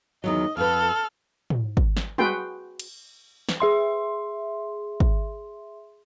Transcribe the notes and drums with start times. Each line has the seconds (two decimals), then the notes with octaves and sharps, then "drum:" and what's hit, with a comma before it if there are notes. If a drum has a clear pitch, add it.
0.24 E2 D#3 F#3 D#5
0.57 F2 A4 B4 F6
1.50 drum: tom
1.77 drum: kick
1.97 drum: snare
2.18 F#4 G#4 B4 G5 C6, drum: tom
2.79 drum: cymbal
3.49 drum: snare
3.60 G#4 E5 C6
5.00 drum: kick